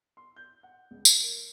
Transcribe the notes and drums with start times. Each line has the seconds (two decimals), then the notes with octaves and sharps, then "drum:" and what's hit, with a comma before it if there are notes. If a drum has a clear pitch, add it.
0.17 C6
0.36 G6
0.63 F#5
0.91 C#2
1.05 G#6, drum: tambourine
1.22 A#4